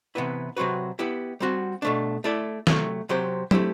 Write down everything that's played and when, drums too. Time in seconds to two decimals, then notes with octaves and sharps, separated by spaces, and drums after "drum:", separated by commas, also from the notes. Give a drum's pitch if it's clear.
0.15 C3 E3 B3 E4 B4
0.57 C3 F#3 C4 F#4 B4
0.99 B3 E4 G4
1.40 G3 C4 F#4
1.82 B2 A3 D4
2.24 A3 E4 A4 D5
2.67 C3 F#3 A3, drum: snare
3.09 C3 F#3 C4 G4 C5
3.51 A3 C4 E4 G4, drum: tom